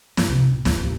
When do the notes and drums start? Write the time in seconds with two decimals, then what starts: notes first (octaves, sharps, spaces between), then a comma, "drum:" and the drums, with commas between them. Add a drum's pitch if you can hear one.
0.17 G2, drum: snare
0.29 C3 D4
0.53 A#2
0.65 G#1 D2, drum: snare
0.80 A1 D#2